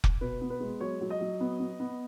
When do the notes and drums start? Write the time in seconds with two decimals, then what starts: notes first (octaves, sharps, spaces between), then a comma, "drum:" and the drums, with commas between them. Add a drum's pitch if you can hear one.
0.04 drum: kick F1
0.21 B2 B4
0.41 B3
0.50 B4
0.60 G#3
0.80 F#3 C#5
1.01 F#3
1.10 D#5
1.21 F#3
1.40 B3
1.60 B3
1.80 B3